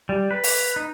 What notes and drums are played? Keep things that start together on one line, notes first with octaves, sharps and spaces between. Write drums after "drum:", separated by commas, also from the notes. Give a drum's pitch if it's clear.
G3
B4
drum: open hi-hat
D#4